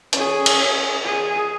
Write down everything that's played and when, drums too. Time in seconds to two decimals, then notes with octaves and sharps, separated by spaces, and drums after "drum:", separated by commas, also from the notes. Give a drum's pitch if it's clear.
0.13 C#4 G#4, drum: hi-hat
0.46 drum: cymbal
1.04 G#4